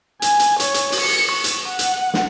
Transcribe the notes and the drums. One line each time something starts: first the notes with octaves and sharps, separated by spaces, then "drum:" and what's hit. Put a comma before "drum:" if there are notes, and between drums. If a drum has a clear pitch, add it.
G#5, drum: hi-hat
drum: hi-hat
C#5, drum: hi-hat
drum: hi-hat
drum: open hi-hat
C#7
C#6
drum: hi-hat
F#5
drum: hi-hat
drum: snare